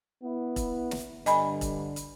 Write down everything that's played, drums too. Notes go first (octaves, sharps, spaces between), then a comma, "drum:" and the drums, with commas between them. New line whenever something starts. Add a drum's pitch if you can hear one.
B3 E4
drum: kick E1, hi-hat
drum: snare
G2 D3 D#5 G#5 B5, drum: hi-hat
drum: kick E1, hi-hat
drum: hi-hat